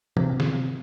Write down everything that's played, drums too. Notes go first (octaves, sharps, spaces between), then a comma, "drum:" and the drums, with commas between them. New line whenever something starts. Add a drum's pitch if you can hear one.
C3, drum: tom E3
drum: snare D#3